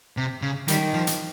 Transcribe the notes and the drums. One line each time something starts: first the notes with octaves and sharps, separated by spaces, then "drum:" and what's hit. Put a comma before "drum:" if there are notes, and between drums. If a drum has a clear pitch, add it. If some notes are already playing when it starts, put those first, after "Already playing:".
C3
C#3
D#3 G3, drum: hi-hat
F3
drum: hi-hat